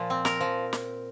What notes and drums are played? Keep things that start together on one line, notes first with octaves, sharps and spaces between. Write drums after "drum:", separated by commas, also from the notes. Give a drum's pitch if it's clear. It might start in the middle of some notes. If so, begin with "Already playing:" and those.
Already playing: A#2 F3
C4
A#4, drum: snare
F3
drum: snare